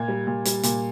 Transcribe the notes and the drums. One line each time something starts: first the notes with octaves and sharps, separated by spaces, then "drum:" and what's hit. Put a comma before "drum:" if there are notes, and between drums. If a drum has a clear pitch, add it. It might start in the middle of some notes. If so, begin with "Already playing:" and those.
Already playing: A#2 G#6
G3
A#2
G3, drum: hi-hat
A#2, drum: hi-hat